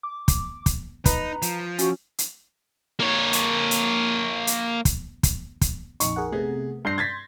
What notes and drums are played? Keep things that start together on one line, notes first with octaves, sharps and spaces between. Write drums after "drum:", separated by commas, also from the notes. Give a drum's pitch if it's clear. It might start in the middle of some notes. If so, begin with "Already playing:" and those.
D6
drum: kick, hi-hat
drum: kick, hi-hat
D#4 B4 A#5, drum: kick, hi-hat
F3, drum: hi-hat
C#4 F#4, drum: hi-hat
drum: hi-hat
A#3 C#5
drum: hi-hat
drum: hi-hat
drum: hi-hat
drum: kick, hi-hat
drum: kick, hi-hat
drum: kick, hi-hat
A#1 F2 D#4 C#6, drum: hi-hat
G#4 A#4 F#5
C3 A3 B3 G#4
G2 C6 G6 A#6 C7
G#6 A6 B6